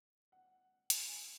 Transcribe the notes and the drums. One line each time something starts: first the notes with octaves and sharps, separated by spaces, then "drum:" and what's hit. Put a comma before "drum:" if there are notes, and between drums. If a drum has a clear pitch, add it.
F#5
G#5, drum: hi-hat
G#5